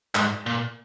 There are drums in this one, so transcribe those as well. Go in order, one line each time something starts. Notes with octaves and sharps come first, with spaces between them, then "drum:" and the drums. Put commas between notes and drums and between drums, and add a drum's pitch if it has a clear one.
G#2, drum: clap
A#2